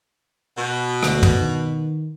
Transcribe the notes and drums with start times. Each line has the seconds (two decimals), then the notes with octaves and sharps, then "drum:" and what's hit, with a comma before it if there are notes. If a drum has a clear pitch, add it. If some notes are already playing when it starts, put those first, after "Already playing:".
0.58 B2
1.03 D2, drum: rim click
1.23 drum: tom
1.38 D#3